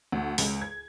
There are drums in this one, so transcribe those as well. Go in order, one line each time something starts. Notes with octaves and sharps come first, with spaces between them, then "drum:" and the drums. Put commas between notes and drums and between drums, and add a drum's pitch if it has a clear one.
D2
C#2, drum: open hi-hat
G#6